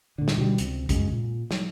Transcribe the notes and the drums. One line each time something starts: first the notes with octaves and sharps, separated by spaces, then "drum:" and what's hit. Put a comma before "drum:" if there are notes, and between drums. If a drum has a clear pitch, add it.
A2 D3
drum: snare
B2 D3 G3
C#2 C3, drum: hi-hat
F#2 C#3 G#3 C#4, drum: kick, hi-hat
A#2
F#3, drum: snare